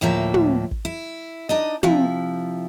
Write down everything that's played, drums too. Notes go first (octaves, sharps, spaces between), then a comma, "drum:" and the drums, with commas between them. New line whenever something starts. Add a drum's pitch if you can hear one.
D2 A2 F3 A#3 E5
drum: tom
drum: kick
E4
D4 D#4 D#5
C3 F3 E4, drum: tom